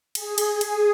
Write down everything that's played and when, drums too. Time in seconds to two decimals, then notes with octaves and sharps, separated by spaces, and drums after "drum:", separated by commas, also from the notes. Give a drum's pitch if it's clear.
0.15 G#4, drum: cymbal
0.38 drum: cymbal
0.61 G#4, drum: cymbal